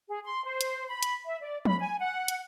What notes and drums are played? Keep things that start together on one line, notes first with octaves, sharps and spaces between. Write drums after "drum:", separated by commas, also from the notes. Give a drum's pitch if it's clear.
G#4
C6
C5
drum: hi-hat
B5
drum: hi-hat
E5
D5
B5, drum: tom F3
G#5
F#5
drum: hi-hat